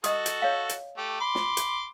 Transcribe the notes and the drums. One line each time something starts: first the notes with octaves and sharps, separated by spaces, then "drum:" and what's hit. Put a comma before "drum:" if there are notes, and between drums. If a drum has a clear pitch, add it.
F#4 A4 D#5 D#6, drum: hi-hat
drum: hi-hat
C#5 F5
drum: hi-hat
A3 G4
B5 C6 D6
drum: snare
drum: hi-hat